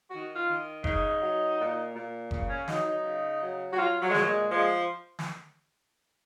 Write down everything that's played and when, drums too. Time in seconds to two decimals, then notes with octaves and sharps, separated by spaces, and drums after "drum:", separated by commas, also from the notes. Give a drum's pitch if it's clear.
0.11 D#3 F#4
0.35 F4
0.47 D#3
0.84 C#3 D#4, drum: kick F#1
1.21 F#3
1.57 A#2
1.94 A#2
2.31 C#3, drum: kick F#1
2.49 C#4
2.68 F#3 D#4, drum: snare
2.85 D#4
3.04 C#3
3.41 F#3
3.73 F#4
3.78 F#3 F4
4.02 F#3
4.10 G#3
4.14 A#2 F#3, drum: snare
4.26 G#3
4.51 F3 G#3
5.19 drum: snare